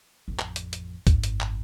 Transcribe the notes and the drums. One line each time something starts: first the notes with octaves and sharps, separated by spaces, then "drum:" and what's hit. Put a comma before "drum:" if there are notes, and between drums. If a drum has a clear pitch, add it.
A1 F2
drum: clap
drum: hi-hat
drum: hi-hat
G#1 F#2, drum: kick, hi-hat
drum: hi-hat
drum: clap